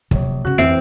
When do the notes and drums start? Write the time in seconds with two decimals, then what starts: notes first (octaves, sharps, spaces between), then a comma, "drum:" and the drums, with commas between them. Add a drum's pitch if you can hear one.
0.11 A#1 C3 F#3 C#5, drum: kick
0.45 C#3 B3 F#4 F#6
0.58 A1 F2 E3 C4 E5 C7 D7